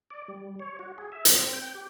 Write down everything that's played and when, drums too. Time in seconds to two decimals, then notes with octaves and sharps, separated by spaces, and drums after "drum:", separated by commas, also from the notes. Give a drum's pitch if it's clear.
0.10 D5
0.28 G3
0.59 C#5
0.79 F#4
0.98 G#4
1.12 E5
1.25 C4, drum: hi-hat
1.53 G5
1.75 G4